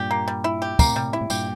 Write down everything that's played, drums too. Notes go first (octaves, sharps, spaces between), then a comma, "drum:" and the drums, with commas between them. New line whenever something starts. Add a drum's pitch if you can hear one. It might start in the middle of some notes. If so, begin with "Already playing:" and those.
Already playing: G2 A#2 G4
A#3
G3
E4
G4
A2 C3 A#3, drum: kick, tambourine
G3
E4
A2
G2 A#2 G4, drum: tambourine